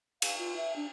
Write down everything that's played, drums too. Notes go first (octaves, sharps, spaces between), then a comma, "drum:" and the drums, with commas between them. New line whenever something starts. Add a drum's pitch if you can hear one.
F5, drum: cymbal
F4
E5
D4